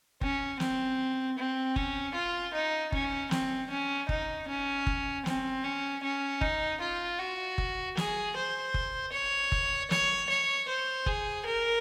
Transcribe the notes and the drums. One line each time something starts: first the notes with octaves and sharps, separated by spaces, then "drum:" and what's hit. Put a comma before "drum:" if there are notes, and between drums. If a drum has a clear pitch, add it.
C#4, drum: kick F#1
C4, drum: snare
C4
C#4, drum: kick F#1
F4
D#4
C#4, drum: kick F#1
C4, drum: snare
C#4
D#4, drum: kick F#1
C#4
drum: kick F#1
C4, drum: snare
C#4
C#4
D#4, drum: kick F#1
F4
F#4
drum: kick F#1
G#4, drum: snare
C5
drum: kick F#1
C#5
drum: kick F#1
C#5, drum: snare
C#5
C5
G#4, drum: kick F#1
A#4